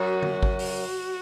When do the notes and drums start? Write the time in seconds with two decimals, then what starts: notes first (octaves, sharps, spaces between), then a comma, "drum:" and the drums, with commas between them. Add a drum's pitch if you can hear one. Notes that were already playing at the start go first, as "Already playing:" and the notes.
Already playing: F#2 F#4
0.23 drum: tom D3
0.33 F#4
0.43 drum: kick G#1
0.59 drum: open hi-hat